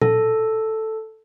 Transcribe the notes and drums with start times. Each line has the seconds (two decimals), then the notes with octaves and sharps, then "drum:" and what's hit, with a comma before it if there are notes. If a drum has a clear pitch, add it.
0.02 A4, drum: tom A#2